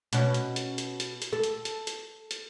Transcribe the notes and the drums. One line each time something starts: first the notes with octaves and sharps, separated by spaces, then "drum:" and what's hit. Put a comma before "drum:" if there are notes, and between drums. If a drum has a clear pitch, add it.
B2 C#4, drum: hi-hat
drum: hi-hat
drum: hi-hat
drum: hi-hat
drum: hi-hat
drum: hi-hat
A4
drum: hi-hat
drum: hi-hat
drum: hi-hat
drum: hi-hat